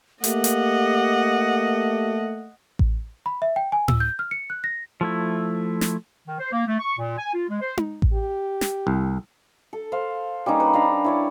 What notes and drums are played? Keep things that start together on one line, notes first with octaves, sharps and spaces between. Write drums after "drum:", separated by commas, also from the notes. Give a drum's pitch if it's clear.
A3 A#3 G4 D#5 F#5, drum: hi-hat
drum: hi-hat
drum: kick A1
B5
E5
G5
G#5
E6, drum: tom A2
G6
F6
C#7
F#6
A#6
F3 A3 E4
drum: snare
D#3
C5
A#3
A3
C#6
A#2
G#5
F4
G#3
C5
drum: tom D#4
drum: kick A1
G4
drum: snare
C2
A4
C5 F5
G3 A#3 C#4 D#4
B4
D4 F5 A#5 B5
E4 C#5 D5